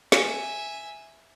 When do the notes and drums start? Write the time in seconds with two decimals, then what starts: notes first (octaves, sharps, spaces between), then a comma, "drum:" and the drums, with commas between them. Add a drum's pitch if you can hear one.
0.12 E5 G#5, drum: snare